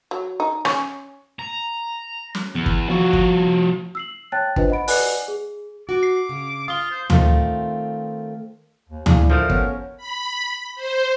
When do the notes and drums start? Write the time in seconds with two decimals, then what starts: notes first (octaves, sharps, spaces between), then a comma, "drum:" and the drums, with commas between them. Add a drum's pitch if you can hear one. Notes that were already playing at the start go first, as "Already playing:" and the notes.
0.11 F#3
0.40 D#4
0.65 C#4, drum: rim click
1.39 A#5
2.35 drum: snare
2.55 E2
2.66 drum: kick
2.89 F3 F#4
3.13 drum: kick
3.95 E6 C7 F#7
4.32 C#5 G5 A5 F#6 A6
4.56 D4 F4 B4 C5 D#5, drum: kick
4.70 D#5 F#5 B5 D7
4.88 B4 D5 D#5 F#5 G#5 F#6, drum: open hi-hat
5.28 G#4
5.89 F#4 D6
6.03 C7
6.29 C#3
6.68 F4 F5 D#6 G7
6.91 C5
7.10 D#3 A3 C4 F4, drum: tom
8.89 D#2
9.06 A#3 D4 E4 G#4, drum: tom
9.30 D3 F3 A3 A#4 F5
9.50 B3 C#4, drum: kick
9.98 B5
10.76 C5